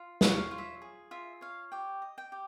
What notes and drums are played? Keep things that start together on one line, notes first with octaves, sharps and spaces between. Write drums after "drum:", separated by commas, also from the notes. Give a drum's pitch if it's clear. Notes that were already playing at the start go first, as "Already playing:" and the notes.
Already playing: F4
C#5, drum: snare
F#5
F5
F4
E5
G#4
F4 E5
C#5 F5
G4 G5
D#5
G5
G4